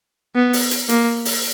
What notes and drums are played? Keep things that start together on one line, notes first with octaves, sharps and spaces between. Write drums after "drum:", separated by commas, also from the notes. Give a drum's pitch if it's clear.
B3
drum: open hi-hat
drum: hi-hat
A#3, drum: hi-hat
drum: open hi-hat